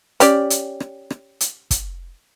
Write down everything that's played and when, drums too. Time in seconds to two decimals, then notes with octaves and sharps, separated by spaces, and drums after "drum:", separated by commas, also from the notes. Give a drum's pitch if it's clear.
0.20 C#4 G4 D5, drum: hi-hat
0.50 drum: hi-hat
0.80 drum: rim click
1.10 drum: rim click
1.41 drum: hi-hat
1.71 drum: kick, hi-hat